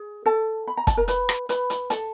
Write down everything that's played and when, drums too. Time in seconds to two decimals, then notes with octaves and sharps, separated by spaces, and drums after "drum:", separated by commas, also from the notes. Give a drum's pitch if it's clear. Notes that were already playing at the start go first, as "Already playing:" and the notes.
Already playing: G#4
0.26 A4 A5
0.67 B5
0.77 A#5
0.87 A5, drum: kick, hi-hat
0.97 A#4 A#5
1.08 B4 B5, drum: hi-hat
1.29 drum: rim click
1.49 B4 B5, drum: hi-hat
1.70 drum: hi-hat
1.90 A4 A5, drum: hi-hat